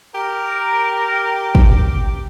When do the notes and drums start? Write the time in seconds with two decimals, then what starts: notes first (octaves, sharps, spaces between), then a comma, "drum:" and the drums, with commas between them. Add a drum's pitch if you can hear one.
0.15 G4 A#4
1.55 drum: kick